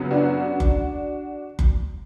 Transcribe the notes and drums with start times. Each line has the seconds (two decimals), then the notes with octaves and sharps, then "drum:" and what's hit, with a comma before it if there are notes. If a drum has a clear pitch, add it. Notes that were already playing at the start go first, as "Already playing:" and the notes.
Already playing: F#2 C#3 F#3 B3
0.11 D4 F#4
0.60 drum: kick F#1
1.59 drum: kick F#1